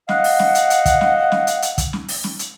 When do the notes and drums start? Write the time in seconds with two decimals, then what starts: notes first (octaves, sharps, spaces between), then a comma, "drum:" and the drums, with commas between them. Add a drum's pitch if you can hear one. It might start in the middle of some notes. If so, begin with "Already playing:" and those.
0.09 D#5 F5 F#5, drum: snare
0.24 drum: open hi-hat
0.39 drum: snare
0.55 drum: hi-hat
0.70 drum: hi-hat
0.85 drum: kick, hi-hat
1.01 drum: snare
1.32 drum: snare
1.47 drum: hi-hat
1.62 drum: hi-hat
1.78 drum: kick, hi-hat
1.93 drum: snare
2.08 drum: open hi-hat
2.24 drum: snare
2.39 drum: hi-hat